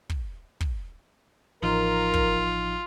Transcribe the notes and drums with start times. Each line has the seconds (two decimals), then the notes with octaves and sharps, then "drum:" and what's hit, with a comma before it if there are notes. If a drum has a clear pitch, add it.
0.09 drum: kick
0.61 drum: kick
1.63 A1 F3 D#4 F4 A#4
2.14 drum: kick